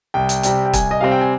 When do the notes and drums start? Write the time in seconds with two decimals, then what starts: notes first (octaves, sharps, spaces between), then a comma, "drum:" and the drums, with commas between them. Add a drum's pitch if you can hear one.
0.14 C2 G5
0.29 drum: hi-hat
0.43 C3 G3 C4, drum: hi-hat
0.66 G5
0.73 C2 G#5, drum: kick, hi-hat
0.91 D#5
1.01 C3 G3 C4 F5
1.12 G5
1.21 G#5